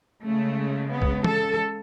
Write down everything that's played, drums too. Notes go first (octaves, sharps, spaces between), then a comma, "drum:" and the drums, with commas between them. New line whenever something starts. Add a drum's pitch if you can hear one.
C#3 G#3 A3
B3
drum: kick
A4, drum: tom